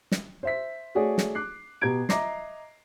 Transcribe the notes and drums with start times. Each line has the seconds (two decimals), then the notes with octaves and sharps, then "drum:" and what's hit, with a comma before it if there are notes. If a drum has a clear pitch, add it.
0.12 drum: snare
0.43 C5 E5 B6
0.95 A3 F#4 G#4 C#5 D5
1.18 drum: snare
1.35 D6 F#6 C7
1.81 B2 B3 G4 A#5 G#6 D7
2.09 D#5 E5 A#5 D6 A#6 C7, drum: snare